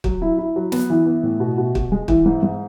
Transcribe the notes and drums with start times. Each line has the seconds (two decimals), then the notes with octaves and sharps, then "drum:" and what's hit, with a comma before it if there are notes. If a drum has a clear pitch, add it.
0.04 F#3, drum: kick
0.22 E4
0.38 E4
0.56 F#3
0.72 B3, drum: snare
0.90 E3
1.06 B3
1.23 A2
1.40 B2
1.58 B2
1.75 B2, drum: kick
1.92 G#3
2.08 E3, drum: kick
2.25 G#2
2.43 G#2